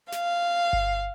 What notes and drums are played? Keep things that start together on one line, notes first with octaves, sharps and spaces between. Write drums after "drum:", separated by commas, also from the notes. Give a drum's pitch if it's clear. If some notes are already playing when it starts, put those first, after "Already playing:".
F5, drum: snare
drum: kick G1